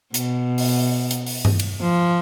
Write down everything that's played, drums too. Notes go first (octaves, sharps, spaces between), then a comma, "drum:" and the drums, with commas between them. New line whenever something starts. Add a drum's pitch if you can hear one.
B2, drum: hi-hat
drum: open hi-hat
drum: hi-hat
drum: open hi-hat
drum: tom G2
drum: cymbal
F3